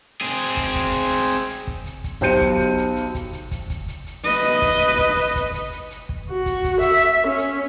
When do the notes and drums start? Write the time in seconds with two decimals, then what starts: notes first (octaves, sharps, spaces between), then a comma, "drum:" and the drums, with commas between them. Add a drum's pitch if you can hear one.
0.21 C4 G#4
0.57 drum: kick, hi-hat
0.75 drum: kick, hi-hat
0.94 drum: hi-hat
1.12 drum: hi-hat
1.31 drum: hi-hat
1.49 drum: hi-hat
1.67 drum: kick
1.86 drum: hi-hat
2.04 drum: kick, hi-hat
2.21 B1 G4 C5 G6 C#7 D#7, drum: open hi-hat
2.41 drum: kick
2.59 drum: hi-hat
2.78 drum: hi-hat
2.96 drum: hi-hat
3.15 drum: kick, hi-hat
3.33 drum: hi-hat
3.51 drum: kick, hi-hat
3.70 drum: kick, hi-hat
3.88 drum: hi-hat
4.07 drum: hi-hat
4.25 B4 D#5, drum: hi-hat
4.43 drum: hi-hat
4.62 drum: kick
4.80 drum: hi-hat
4.99 drum: kick, hi-hat
5.17 drum: open hi-hat
5.35 drum: kick, hi-hat
5.54 drum: hi-hat
5.72 drum: hi-hat
5.91 drum: hi-hat
6.09 drum: kick
6.31 F#4
6.46 drum: kick, hi-hat
6.64 drum: kick, hi-hat
6.81 E5, drum: hi-hat
7.01 drum: hi-hat
7.28 C#4
7.38 drum: hi-hat